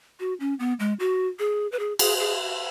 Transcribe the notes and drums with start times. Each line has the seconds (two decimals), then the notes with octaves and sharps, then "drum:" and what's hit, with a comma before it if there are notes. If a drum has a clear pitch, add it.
0.20 F#4
0.40 C#4
0.59 B3
0.80 G#3
0.99 F#4
1.39 G#4
1.72 B4
1.79 G#4
1.99 G#4, drum: cymbal
2.20 G#4